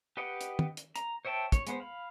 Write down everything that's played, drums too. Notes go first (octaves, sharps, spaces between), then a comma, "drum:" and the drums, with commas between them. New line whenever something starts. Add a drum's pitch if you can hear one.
G4 B4 D#5 F#5 G5
drum: hi-hat
drum: tom
drum: hi-hat
A#5, drum: hi-hat
C5 C#5 E5 G5 A5
C#5, drum: kick, hi-hat
G#3 B3 C5, drum: hi-hat
F5 B5